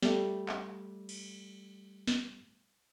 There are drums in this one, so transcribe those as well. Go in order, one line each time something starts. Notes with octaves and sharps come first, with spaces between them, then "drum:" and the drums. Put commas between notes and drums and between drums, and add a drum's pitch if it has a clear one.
G3 A3, drum: snare
drum: clap
drum: cymbal
drum: snare